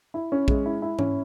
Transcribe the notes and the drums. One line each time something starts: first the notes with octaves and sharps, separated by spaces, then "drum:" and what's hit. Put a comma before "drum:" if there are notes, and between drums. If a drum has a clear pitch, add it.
E4
C#4
G#3, drum: kick
E4
E4
C#4, drum: tom G#2